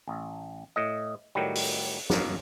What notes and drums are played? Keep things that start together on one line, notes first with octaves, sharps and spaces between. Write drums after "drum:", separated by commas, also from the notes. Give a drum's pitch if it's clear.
A1
A2 D#5
A2 D#3 F#3 G3
drum: open hi-hat
F#2 B2 A#3, drum: snare